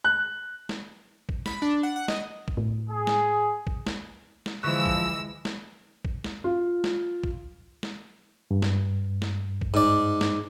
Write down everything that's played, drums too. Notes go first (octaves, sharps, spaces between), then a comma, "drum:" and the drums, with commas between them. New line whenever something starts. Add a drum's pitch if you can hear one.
F#6
drum: snare
drum: kick
B5, drum: snare
D4
F#5
F#5
D#5, drum: snare
drum: kick
A2
G#4
drum: snare
drum: kick
drum: snare
drum: snare
D3 E3 F3 G#3 C#6 E6 F#6
drum: kick
drum: snare
drum: kick
drum: snare
F4
drum: snare
drum: kick
drum: snare
G2
drum: snare
drum: snare
drum: kick
G#2 D5
drum: snare